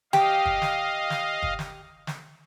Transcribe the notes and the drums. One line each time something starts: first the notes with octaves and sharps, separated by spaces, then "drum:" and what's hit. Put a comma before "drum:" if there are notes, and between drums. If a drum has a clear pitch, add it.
G4 D#5 F5, drum: snare
drum: kick
drum: snare
drum: snare
drum: kick
drum: snare
drum: snare